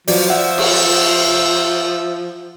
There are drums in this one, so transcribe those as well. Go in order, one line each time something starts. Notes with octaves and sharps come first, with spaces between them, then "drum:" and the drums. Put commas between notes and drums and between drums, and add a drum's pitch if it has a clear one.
F3 F#3 D5, drum: open hi-hat
E5 F#5
drum: cymbal